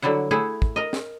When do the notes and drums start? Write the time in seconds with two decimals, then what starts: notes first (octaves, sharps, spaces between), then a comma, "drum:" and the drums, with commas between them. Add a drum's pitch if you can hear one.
0.02 D3 F#3 G3 E4 F#5
0.31 A3 E4 G#4 F#5
0.62 drum: kick
0.76 A#4 D#5
0.93 drum: snare